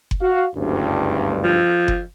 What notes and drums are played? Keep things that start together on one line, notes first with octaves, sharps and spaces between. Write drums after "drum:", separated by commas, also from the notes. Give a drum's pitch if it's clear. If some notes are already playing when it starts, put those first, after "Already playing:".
drum: kick F#1
F#4 F5
F#1 D2 G2
F3
drum: kick F#1